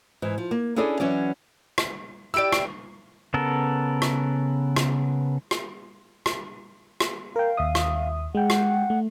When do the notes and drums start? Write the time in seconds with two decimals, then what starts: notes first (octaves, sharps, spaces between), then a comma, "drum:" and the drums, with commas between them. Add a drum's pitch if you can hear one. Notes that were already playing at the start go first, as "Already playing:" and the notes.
0.22 G#2 E3
0.38 F3
0.51 A#3
0.76 C#4 D4 E4 G#4 A4 D5
1.00 E3 F#3 C#4 D5
1.78 drum: rim click
2.34 E4 G4 D5 E6 D7
2.53 drum: rim click
3.34 C#3 B3 A4 A#4
4.02 drum: rim click
4.76 drum: rim click
5.51 drum: rim click
6.26 drum: rim click
7.00 drum: rim click
7.36 A#4 F5 G5
7.57 D#2 E5 D#6
7.75 drum: rim click
8.35 G#3 F#5 G5
8.50 drum: rim click
8.90 A3